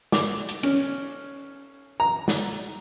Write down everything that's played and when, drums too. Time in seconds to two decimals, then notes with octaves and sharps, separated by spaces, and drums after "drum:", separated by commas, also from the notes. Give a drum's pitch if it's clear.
0.12 D6, drum: snare
0.49 drum: hi-hat
0.63 C#4, drum: cymbal
2.00 A#5
2.28 drum: snare